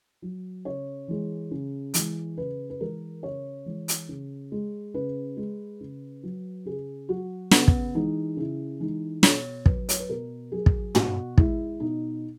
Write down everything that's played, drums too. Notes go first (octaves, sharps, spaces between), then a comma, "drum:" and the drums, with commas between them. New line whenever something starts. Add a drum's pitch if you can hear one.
F#3
C#3 C#5
E3 G#3
C#3
E3 G#3, drum: hi-hat
C#3 B4
B4
E3 G#3 A#4
C#3 C#5
E3 G#3
drum: hi-hat
C#3
G#3
C#3 B4
G#3
C#3
F#3
C#3 G#4
F#3 F#4
C#3 B3, drum: snare
drum: kick
E3 G#3 D#4
C#3 E4
E3 G#3 D#4
B2 C#5, drum: snare
F#3 B4, drum: kick
C#5, drum: hi-hat
B4
B2 A#4
F#3 G#4
drum: kick
B2 F#4, drum: tom
G#3 E4, drum: kick
B2 D#4